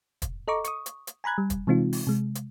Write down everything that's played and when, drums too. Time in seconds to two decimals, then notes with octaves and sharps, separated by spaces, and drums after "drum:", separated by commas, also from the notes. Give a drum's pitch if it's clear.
0.22 drum: kick, hi-hat
0.48 A4 D#5 A#5 C#6 D6
0.64 C#6 D#6, drum: hi-hat
0.86 drum: hi-hat
1.07 drum: hi-hat
1.24 G#5 A#5 B5 F#6 G#6
1.38 G3
1.50 drum: kick, hi-hat
1.67 C3 E3 G#3 C4 D#4 F4
1.93 drum: open hi-hat
2.07 C3 G#3
2.35 drum: hi-hat